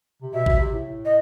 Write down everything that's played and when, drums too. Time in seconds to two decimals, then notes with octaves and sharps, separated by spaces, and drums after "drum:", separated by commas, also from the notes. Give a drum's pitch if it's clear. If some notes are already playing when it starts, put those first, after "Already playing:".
0.22 C3
0.34 B2 E5
0.46 B2, drum: kick G#1
0.60 C3
0.73 A2
1.05 D#5